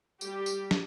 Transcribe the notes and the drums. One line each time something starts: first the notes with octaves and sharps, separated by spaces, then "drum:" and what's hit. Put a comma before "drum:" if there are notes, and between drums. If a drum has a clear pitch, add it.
G3 G4, drum: tambourine
drum: tambourine
drum: snare